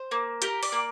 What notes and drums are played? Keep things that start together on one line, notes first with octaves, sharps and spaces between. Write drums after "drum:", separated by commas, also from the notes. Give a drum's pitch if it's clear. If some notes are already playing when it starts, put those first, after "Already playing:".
Already playing: C5
A#3
G4 A#4, drum: hi-hat
D5, drum: open hi-hat
A#3